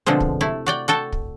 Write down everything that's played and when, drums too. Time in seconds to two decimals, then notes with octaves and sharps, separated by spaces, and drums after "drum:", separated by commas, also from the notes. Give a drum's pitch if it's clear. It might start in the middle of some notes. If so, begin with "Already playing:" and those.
0.06 B2 D3 F3 G#3 C4
0.20 drum: kick
0.41 C3 A3 E4
0.66 F#4 D5 G5
0.88 F#4 A4 G5 A5
1.12 drum: kick